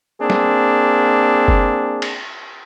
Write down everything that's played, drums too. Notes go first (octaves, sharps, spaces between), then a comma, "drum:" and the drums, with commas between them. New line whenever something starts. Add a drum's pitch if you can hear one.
A#3 C4 D4 G#4
drum: snare
drum: kick F#1
drum: cymbal